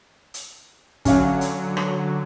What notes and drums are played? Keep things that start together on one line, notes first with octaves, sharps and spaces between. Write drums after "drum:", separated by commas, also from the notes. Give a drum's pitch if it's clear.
drum: hi-hat
D3 F#3 C#4 F5, drum: kick, hi-hat
drum: hi-hat
drum: rim click